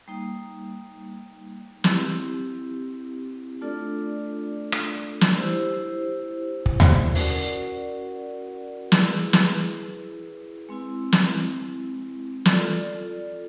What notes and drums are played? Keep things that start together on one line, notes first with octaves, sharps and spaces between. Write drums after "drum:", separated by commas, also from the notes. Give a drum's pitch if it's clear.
G3 A#3 D#4
C4 E4 G4, drum: snare
A3 D4 F4 A4 D5
drum: rim click
drum: snare
E4 G4 C5
drum: kick
drum: tom D#2
C#4 F#4 A#4 D5 F#5, drum: open hi-hat
E4 G#4 B4, drum: snare
drum: snare
G#3 C4 E4
drum: snare
F4 A4 D5, drum: snare